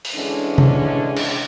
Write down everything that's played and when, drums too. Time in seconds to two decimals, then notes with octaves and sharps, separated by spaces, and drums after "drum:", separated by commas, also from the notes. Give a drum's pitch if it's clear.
0.05 drum: open hi-hat
0.15 D3 E3 G#3 C#4 D4
0.58 drum: tom C3
1.17 drum: cymbal